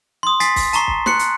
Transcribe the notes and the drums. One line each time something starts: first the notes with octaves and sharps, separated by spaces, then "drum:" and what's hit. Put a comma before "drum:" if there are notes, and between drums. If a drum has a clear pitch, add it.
C6 D#6
G#5 A6 B6 C7, drum: hi-hat
drum: kick, open hi-hat
A5 A#5 C#6 C7, drum: hi-hat
drum: kick
C6 F#6 C#7, drum: snare
drum: hi-hat